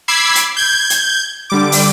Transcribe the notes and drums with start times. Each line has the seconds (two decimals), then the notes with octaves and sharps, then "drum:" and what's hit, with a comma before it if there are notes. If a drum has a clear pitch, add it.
0.08 B5 D6 E6 G#6 C7
0.35 drum: hi-hat
0.57 G6 G#6
0.90 drum: hi-hat
1.50 D3 G3 D6
1.72 drum: open hi-hat